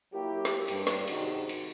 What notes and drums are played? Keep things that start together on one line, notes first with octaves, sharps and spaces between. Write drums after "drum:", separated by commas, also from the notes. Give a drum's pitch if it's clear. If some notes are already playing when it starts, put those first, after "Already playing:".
F#3 A#3 E4 G4
drum: snare
G2, drum: cymbal
drum: snare
G#2 C3 D#3 F#4, drum: cymbal
drum: cymbal